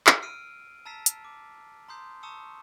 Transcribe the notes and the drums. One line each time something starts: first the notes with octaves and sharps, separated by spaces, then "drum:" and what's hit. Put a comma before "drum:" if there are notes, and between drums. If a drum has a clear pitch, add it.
drum: clap
E6 F6 C7 D7 D#7
A5 A#5 E6 A6 B6 C7
drum: hi-hat
D6
A#5 C6 D#6 G6 C7
A5 A#5 C#6 D#6 E6 C#7